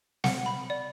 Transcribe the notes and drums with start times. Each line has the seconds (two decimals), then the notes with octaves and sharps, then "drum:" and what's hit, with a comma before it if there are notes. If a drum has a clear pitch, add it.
0.24 F#5, drum: snare
0.46 B5
0.70 D5